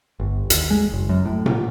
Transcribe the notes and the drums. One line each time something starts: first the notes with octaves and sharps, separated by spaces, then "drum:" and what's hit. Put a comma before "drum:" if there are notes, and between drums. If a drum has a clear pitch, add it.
G1
D#2, drum: hi-hat
G#3
F#1
F#2
A2
A#2, drum: tom A2